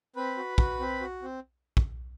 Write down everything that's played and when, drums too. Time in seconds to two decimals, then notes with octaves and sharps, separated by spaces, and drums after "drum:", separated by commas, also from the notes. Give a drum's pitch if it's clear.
0.16 C4 B4 B5
0.37 F#4
0.58 F#4, drum: kick
0.80 C4
1.01 F#4
1.22 C4
1.77 drum: kick